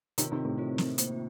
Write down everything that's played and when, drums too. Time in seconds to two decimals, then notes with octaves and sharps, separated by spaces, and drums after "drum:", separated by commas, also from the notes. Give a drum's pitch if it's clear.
0.18 C3 D#3 C4 F4 A#4 C#5, drum: hi-hat
0.32 C3 D#3
0.45 A2 C3
0.58 C4 F4 A#4 C#5
0.78 drum: snare
0.98 A#3 F4 C5, drum: hi-hat